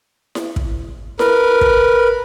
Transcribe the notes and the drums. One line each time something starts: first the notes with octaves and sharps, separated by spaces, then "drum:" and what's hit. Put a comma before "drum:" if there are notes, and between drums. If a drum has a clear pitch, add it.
drum: snare E4
drum: kick
A#4 B4, drum: snare E4
drum: kick